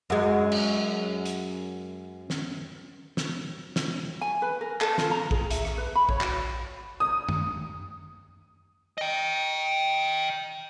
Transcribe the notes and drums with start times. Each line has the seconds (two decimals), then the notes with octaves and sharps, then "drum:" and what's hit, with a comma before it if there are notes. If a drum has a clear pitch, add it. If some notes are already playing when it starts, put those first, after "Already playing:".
0.10 F#2 G#3
0.52 drum: cymbal
1.26 drum: hi-hat
2.30 drum: snare
3.17 drum: snare
3.76 drum: snare
4.21 G#5
4.42 B4
4.61 A#4
4.81 A4, drum: clap
4.98 F4, drum: snare
5.11 A#5
5.31 G#4, drum: kick A#1
5.51 E5, drum: hi-hat
5.65 drum: rim click
5.78 B4
5.95 B5
6.09 C#5, drum: kick A#1
6.21 F#4, drum: clap
7.00 D#6
7.29 drum: tom F#2
8.98 D#5 G5